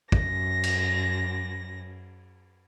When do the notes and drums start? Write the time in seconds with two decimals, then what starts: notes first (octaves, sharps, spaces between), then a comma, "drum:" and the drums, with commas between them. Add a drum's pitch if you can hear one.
0.12 F#2 A#6, drum: kick
0.64 drum: cymbal